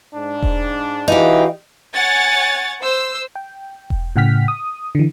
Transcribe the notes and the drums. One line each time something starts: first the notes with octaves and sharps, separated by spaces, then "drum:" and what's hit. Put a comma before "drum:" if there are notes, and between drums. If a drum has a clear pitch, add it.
G#2 D4
drum: kick E1
E3 D#4 F#4 G4 F5
C#5 F#5 G#5 A6
C5 E6
G5
drum: kick E1
A2 C#3 F#5 G5 F6 B6
D#6
D3 E3